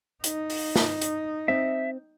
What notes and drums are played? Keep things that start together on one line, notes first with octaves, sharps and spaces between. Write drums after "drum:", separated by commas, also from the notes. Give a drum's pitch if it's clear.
D#4, drum: hi-hat
drum: open hi-hat
drum: snare
drum: hi-hat
C4 E5